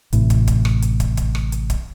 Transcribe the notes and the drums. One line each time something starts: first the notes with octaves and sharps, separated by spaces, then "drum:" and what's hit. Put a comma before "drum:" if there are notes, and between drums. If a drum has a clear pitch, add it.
A1 A2 C3, drum: hi-hat
drum: kick, hi-hat
drum: kick, hi-hat
drum: rim click
drum: hi-hat
drum: kick, hi-hat
drum: kick, hi-hat
drum: rim click
drum: hi-hat
drum: kick, hi-hat